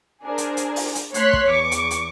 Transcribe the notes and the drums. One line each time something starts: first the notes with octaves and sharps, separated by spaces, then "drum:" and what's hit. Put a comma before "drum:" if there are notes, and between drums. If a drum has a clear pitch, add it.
D4 G#4 A#4 C5
drum: hi-hat
drum: hi-hat
drum: open hi-hat
drum: hi-hat
A3 C#5 C6 F#6 B6, drum: hi-hat
drum: kick
E2 C#6 D6
drum: hi-hat
drum: hi-hat